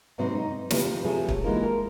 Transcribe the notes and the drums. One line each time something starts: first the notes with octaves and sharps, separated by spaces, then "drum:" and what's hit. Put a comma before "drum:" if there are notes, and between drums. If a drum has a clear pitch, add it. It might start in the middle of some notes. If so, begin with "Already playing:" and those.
G#2 C3 F#3 C4 B4 D#5
D#4
C3 F3 B4, drum: snare
C3 F3 F#3 A3 G#4
drum: kick
E3 G#3 A#3 D#4 F4 A#4
A#4